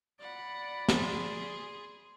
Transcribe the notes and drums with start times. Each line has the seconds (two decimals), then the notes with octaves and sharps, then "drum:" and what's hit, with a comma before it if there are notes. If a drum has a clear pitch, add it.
0.20 D5 F#5 B5
0.88 G#4 C6, drum: snare